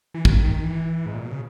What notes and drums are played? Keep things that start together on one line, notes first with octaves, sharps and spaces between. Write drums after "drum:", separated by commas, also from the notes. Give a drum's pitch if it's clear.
E3
D#3, drum: kick
D#3
D#3
E3
G#2
A#2
B2
C#3